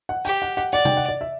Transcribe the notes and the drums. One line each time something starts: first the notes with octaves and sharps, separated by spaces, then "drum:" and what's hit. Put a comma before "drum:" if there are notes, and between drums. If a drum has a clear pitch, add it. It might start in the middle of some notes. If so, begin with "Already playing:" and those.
F#5
G4 G5
F#5
F#5
D5 F#5
G5, drum: tom C3
F#5
D5
E5